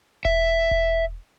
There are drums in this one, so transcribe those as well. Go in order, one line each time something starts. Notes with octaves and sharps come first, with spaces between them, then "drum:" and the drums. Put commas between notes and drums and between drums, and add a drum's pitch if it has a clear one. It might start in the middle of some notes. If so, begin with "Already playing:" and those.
E5, drum: kick E1
drum: kick E1